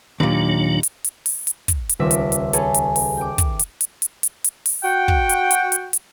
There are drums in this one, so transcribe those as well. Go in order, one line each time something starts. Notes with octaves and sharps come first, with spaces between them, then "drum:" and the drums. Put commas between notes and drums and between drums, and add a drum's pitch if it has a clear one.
D#2 A#2 F#3 D4
drum: hi-hat
drum: hi-hat
drum: open hi-hat
drum: hi-hat
drum: kick, hi-hat
drum: hi-hat
D#1 C#2 C4 E5 D6 B6
drum: hi-hat
drum: hi-hat
G#4 A4 B4 C#5 G#5, drum: hi-hat
drum: hi-hat
drum: open hi-hat
G5 D6
drum: kick, hi-hat
drum: hi-hat
drum: hi-hat
drum: hi-hat
drum: hi-hat
drum: hi-hat
drum: open hi-hat
F#4 F#5 G5
drum: kick
drum: hi-hat
drum: hi-hat
drum: hi-hat
drum: hi-hat